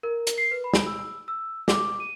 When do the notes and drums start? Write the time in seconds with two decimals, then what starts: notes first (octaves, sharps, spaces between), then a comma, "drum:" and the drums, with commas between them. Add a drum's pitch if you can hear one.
0.03 A#4
0.27 drum: hi-hat
0.38 C7
0.51 B4
0.64 B5
0.74 drum: snare
0.86 E6
1.28 E6
1.68 D6, drum: snare
2.00 D#7